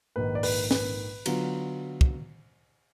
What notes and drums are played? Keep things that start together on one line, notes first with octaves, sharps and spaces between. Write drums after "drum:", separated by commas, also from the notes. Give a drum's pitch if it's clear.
A#1 G#2 D#3 B4
D5
B4, drum: open hi-hat
B4, drum: snare
D3 F#3 B3 F4, drum: cymbal
drum: kick